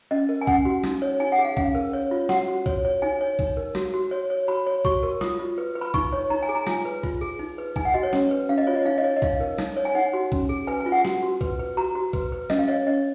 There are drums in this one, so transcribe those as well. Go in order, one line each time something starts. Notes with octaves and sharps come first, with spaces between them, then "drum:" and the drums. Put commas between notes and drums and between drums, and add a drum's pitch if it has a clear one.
C#4 D#5
A#4
G#5
C#4 F#5, drum: kick A#1
F#4
D#4, drum: snare
C#5
D#4 G#5
F#5
G#4
F5
C#4 F5, drum: kick A#1
A#4
C#5
F4
F#4 F#5, drum: snare
F#4
C#5, drum: kick A#1
C#5
D#4 G#5
C#5
D#4, drum: kick A#1
A#4
F#4, drum: snare
F#4
C#5
C#5
F#4 B5
C#5
F#4 C#6, drum: kick A#1
A#4
F4 D#6, drum: snare
F4
B4
B4
B5
D#4 C#6, drum: kick A#1
C#5
D#4 A#5
G#5
G#4
A#5
F4 G#5, drum: snare
B4
F4, drum: kick A#1
G#4
D#4
B4
D#4 G#5, drum: kick A#1
F#5
F#4 D#5
C#5
C#4, drum: snare
B4
C#4 F5
D#5
F4 C#5
D#5
D#4 F5
D#5
C#5
D#5
D#4 F5, drum: kick A#1
A#4
D#4, drum: snare
C#5
G#5
D#4 F#5
F#4
C#4, drum: kick A#1
G#4
B4 G#5
G#5
F4
F#5
F#4, drum: snare
F#4
B4, drum: kick A#1
B4
F#4 A#5
F#4
B4, drum: kick A#1
B4
C#4 D#5, drum: snare
F5
C#5 D#5
C#4 D#5